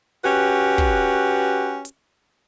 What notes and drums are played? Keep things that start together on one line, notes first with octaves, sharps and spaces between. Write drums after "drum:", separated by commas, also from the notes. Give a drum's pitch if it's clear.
C#4 F#4 G4 B4
drum: kick
drum: hi-hat